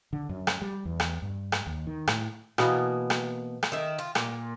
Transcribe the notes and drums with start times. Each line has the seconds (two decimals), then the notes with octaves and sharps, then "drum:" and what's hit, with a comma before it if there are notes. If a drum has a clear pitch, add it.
0.13 D3
0.29 F#2
0.47 drum: rim click
0.62 G3
0.85 E2
1.00 drum: rim click
1.22 G2
1.52 drum: rim click
1.66 D#2
1.87 D#3
2.08 A2, drum: rim click
2.58 B2 E3 A#3 B3, drum: rim click
3.10 drum: rim click
3.63 drum: rim click
3.72 D#3 E5
3.99 F4
4.15 A#2, drum: rim click